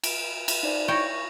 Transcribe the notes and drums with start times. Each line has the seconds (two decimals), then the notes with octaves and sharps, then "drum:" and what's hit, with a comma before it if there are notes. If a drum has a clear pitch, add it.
0.04 D7, drum: cymbal
0.48 drum: cymbal
0.63 D#4 C5 D5
0.88 E4 C#5 G5 C#6 A#6